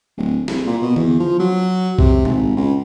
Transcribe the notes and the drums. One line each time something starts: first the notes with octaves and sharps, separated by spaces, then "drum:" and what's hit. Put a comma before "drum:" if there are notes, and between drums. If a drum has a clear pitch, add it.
D1
C2, drum: snare
A#2
B2
E2, drum: tom D3
F3
F#3
C3, drum: kick B1
G#1, drum: tom A#2
C#2